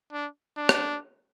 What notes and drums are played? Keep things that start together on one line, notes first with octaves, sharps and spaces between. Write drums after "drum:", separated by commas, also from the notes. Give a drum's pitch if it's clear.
D4
D4
drum: rim click